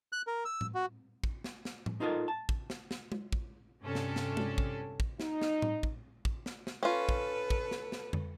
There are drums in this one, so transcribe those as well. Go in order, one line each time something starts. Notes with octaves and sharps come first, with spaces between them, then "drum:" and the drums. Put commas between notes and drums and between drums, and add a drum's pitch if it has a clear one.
F#6
A#4
E6
drum: tom A2
F#4
drum: kick
drum: snare
drum: snare
drum: tom A2
D#4 F4 A4 A#4 D#5
A5
drum: kick
drum: snare
drum: snare
drum: tom G#3
drum: kick
G2 C3 C#4 D4 A4
drum: snare
drum: snare
drum: tom G#3
drum: kick
drum: kick
D#4, drum: snare
drum: snare
drum: tom A2
drum: kick
drum: kick
drum: snare
drum: snare
C#4 F4 A4 B4
drum: kick
drum: kick
drum: snare
drum: snare
drum: tom F2